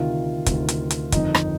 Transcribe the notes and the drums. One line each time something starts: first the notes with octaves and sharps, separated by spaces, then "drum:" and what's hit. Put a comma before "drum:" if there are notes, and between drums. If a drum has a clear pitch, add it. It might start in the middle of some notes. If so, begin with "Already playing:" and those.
Already playing: D2 C3 D#3 F4
D2 C3 D#3, drum: kick, hi-hat
drum: hi-hat
drum: hi-hat
G1 F2 D#3 D#4, drum: kick, hi-hat
drum: rim click